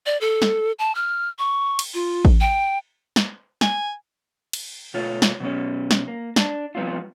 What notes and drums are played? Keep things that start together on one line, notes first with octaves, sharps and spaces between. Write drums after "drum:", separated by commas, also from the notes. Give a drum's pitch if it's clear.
D5
A4
drum: snare
A5
F6
C#6
drum: cymbal
F4
drum: kick A1
G5
drum: snare
G#5, drum: snare
drum: cymbal
B2 A3 F4 C#5
drum: snare
B2 F#3 B3 C#4
drum: snare
A#3
D4, drum: snare
F3 G3 B3 C4 E4 F4